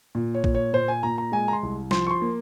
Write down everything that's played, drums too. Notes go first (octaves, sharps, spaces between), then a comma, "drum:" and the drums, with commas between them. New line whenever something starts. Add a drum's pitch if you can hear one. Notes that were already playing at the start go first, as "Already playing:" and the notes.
A#2
C#5
A#2, drum: kick A#1
C#5
A#2 C5
G#5
A#2 A#5
A#5
G#3 G#5
A#5
C6
C2
F3 C6, drum: snare
C#6
C6
A#3